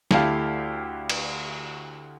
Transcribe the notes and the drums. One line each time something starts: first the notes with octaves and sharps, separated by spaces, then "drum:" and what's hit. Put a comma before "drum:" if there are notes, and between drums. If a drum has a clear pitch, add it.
D2 A3 E4 G4 F5, drum: snare
drum: cymbal